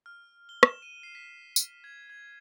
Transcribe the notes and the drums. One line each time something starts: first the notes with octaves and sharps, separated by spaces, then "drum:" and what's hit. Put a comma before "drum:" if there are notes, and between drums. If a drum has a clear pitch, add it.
F6
G7
E7, drum: rim click
D#7
C7
B6
drum: tambourine
G#6
G#6